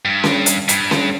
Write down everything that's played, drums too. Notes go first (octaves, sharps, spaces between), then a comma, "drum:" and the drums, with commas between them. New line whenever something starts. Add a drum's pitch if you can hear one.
G2
drum: snare C#4
drum: hi-hat
G2, drum: hi-hat
drum: snare C#4